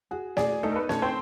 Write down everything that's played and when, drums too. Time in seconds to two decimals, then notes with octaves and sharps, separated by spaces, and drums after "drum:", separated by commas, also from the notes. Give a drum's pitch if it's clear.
0.11 F#4 G#4
0.37 G#4 D5, drum: snare
0.63 A3 D#4 A4
0.71 A#4
0.76 B3 B4
0.89 C#4 A4 C#5, drum: snare
1.02 C4 C5